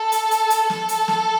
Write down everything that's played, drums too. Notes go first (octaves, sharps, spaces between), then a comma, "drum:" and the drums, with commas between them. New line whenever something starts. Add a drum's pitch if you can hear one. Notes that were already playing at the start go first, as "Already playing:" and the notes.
Already playing: A4
drum: hi-hat
drum: hi-hat
drum: hi-hat
A4, drum: snare
drum: hi-hat
drum: snare